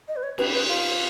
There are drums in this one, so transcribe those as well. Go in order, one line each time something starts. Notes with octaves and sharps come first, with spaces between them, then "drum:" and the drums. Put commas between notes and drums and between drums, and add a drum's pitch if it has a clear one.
D#5
B4
C#5
B4, drum: cymbal
B4
F4